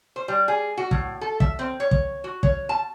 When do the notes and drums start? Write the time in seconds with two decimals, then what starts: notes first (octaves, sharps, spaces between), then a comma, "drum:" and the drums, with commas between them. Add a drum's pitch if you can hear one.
0.16 C5
0.28 G3
0.48 G#4
0.77 F#4
0.91 A2, drum: kick
1.21 A4
1.40 E5, drum: kick
1.59 C4
1.80 C#5
1.91 drum: kick
2.24 F#4
2.43 C#5, drum: kick
2.69 A5